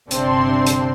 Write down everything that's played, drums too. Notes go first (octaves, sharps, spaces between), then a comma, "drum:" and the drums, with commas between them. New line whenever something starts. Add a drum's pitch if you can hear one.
G1 C3 C4 D4 C6, drum: hi-hat
drum: hi-hat